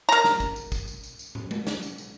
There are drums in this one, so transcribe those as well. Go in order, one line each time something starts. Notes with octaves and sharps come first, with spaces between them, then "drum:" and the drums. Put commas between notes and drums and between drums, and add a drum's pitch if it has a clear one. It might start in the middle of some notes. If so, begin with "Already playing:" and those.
A#4 A#5
drum: snare
drum: kick, tambourine
drum: tambourine
drum: kick, tambourine
drum: tambourine
drum: tambourine
drum: tambourine
drum: tom
drum: tom G#3
drum: snare
drum: tambourine
drum: tambourine